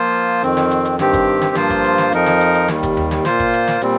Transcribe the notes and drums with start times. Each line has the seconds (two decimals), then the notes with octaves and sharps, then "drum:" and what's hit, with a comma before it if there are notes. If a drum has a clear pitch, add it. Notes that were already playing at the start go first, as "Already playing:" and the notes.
Already playing: F3 A#3 F4 C5
0.43 F2 D#3 C4, drum: hi-hat
0.57 drum: snare
0.71 drum: hi-hat
0.85 drum: hi-hat
0.99 G2 D#3 C4 G4, drum: snare
1.13 drum: kick G1, hi-hat
1.42 drum: snare
1.55 G2 F3 A#3 F4 C5, drum: snare
1.70 drum: kick G1, hi-hat
1.84 drum: hi-hat
1.98 drum: snare
2.12 F2 F3 D#4 A#4, drum: hi-hat
2.26 drum: snare
2.40 drum: hi-hat
2.55 drum: hi-hat
2.68 D#2 D#3 G3, drum: snare
2.83 drum: kick G1, hi-hat
2.97 drum: tom D#2
3.11 drum: snare
3.25 A#2 A#3 F4 C5, drum: snare
3.39 drum: kick G1, hi-hat
3.53 drum: hi-hat
3.68 drum: snare
3.81 A#2 G3 C4, drum: hi-hat